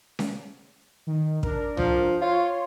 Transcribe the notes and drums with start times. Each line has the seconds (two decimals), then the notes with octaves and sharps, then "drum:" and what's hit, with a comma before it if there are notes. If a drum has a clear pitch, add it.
0.19 drum: snare C#4
1.07 D#3
1.43 D4 A#4, drum: kick
1.77 F3, drum: tom
2.21 F4 C#5 C6